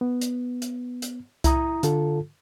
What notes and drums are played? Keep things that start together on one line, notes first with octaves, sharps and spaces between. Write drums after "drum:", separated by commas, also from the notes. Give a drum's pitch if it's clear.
B3
drum: hi-hat
drum: hi-hat
drum: hi-hat
E4 A#5 D#6, drum: kick C2, hi-hat
D3 F4 A4, drum: hi-hat